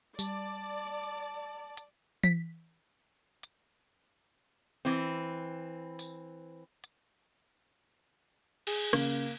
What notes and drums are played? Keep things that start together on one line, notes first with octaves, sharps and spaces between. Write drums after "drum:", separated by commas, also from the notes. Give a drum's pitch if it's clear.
G3 D5 A5, drum: tambourine
drum: hi-hat
B6, drum: tom E3
drum: hi-hat
E3 C4
drum: open hi-hat
drum: hi-hat
G#4, drum: cymbal
C#3 A#3, drum: rim click